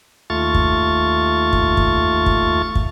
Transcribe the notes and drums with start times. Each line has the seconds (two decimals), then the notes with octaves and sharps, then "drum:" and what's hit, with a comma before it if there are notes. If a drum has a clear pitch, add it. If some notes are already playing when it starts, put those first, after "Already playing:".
0.30 D#2 A3 F4 C#6 A6
0.54 drum: kick
1.53 drum: kick
1.77 drum: kick
2.26 drum: kick
2.75 drum: kick